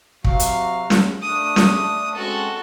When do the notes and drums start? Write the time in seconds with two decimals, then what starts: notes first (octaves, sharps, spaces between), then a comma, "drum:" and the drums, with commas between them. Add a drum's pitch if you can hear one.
0.24 C3 F#3 F#4 F5, drum: kick
0.40 drum: hi-hat
0.90 drum: snare
1.22 A3 D4 D#6
1.56 drum: snare
2.15 G#3 C4 C#4 F#4 A4